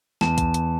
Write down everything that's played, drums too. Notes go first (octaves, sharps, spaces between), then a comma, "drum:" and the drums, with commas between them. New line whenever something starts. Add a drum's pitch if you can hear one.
E2 A5, drum: snare
drum: kick, hi-hat
drum: hi-hat